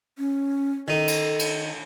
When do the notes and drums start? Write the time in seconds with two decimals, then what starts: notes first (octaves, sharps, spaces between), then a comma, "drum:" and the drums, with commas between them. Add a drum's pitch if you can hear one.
0.18 C#4
0.88 D#3 D#4 A4
1.08 drum: cymbal
1.39 drum: cymbal